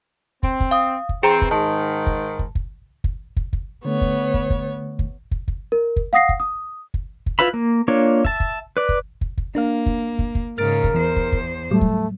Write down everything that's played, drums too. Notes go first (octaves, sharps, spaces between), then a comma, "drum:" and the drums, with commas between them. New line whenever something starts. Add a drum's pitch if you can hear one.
C4, drum: kick
drum: kick
F5 D#6
drum: kick
E3 C4 G#4 A#5
drum: kick
G#2 D#3 A5
drum: kick
drum: kick
drum: kick
drum: kick
drum: kick
drum: kick
D3 A3 B3 C#5
drum: kick
drum: kick
drum: kick
drum: kick
drum: kick
drum: kick
A#4
drum: kick
F5 F#5 D#6 A#6 C7
drum: kick
D#6
drum: kick
drum: kick
E4 F4 B4 E5 B5
A#3
A#3 D4 F4 C#5
E5 A5, drum: kick
drum: kick
B4 D5
drum: kick
drum: kick
drum: kick
A#3 D4 A#4 F5
drum: kick
drum: kick
drum: kick
G#2 C#3 A#4 F6 A6 D7
drum: kick
E2 E3 C5
drum: kick
drum: kick
A2 F#3 G3 A3
drum: kick